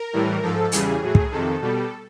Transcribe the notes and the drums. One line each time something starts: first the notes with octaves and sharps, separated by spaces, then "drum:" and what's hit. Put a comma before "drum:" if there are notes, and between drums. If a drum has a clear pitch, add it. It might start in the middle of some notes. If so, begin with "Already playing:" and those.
Already playing: A#4
A2 E3 G3
G#2 F3 A4
E2 C#3 E3 G3 G#4, drum: hi-hat
A2 F#3
drum: kick
F2 C3 D#3 A4
B2 G3